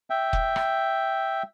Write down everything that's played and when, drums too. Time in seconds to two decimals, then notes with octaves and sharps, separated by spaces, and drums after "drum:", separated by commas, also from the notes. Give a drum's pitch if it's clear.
0.10 E5 G5
0.33 drum: kick
0.56 drum: rim click